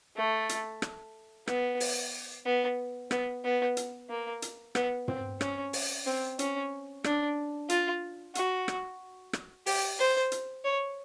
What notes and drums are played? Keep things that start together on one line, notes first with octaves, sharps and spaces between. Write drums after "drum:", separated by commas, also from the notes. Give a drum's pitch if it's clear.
A3
drum: hi-hat
drum: rim click
B3, drum: rim click
drum: open hi-hat
B3
B3, drum: rim click
B3
drum: hi-hat
A#3
drum: hi-hat
B3, drum: rim click
C4, drum: tom
C#4, drum: rim click
drum: open hi-hat
C4
C#4, drum: hi-hat
D4, drum: rim click
F4, drum: hi-hat
F#4, drum: hi-hat
drum: rim click
drum: rim click
G4, drum: open hi-hat
C5
drum: hi-hat
C#5